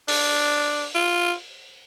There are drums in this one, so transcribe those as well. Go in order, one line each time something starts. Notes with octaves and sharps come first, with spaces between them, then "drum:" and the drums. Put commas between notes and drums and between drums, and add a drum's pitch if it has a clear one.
D4, drum: open hi-hat
F4